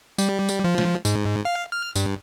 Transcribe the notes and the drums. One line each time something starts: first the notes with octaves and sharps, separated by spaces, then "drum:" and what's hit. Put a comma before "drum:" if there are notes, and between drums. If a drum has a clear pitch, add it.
G3, drum: tambourine
drum: tambourine
F3
drum: snare
G#2, drum: tambourine
F5
F6
G2, drum: tambourine